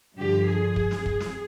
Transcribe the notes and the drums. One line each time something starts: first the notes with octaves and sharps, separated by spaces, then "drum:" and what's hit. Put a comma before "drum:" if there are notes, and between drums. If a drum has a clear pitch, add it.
G2 D3 F3 G4
G#4
drum: kick
drum: snare
drum: kick
drum: snare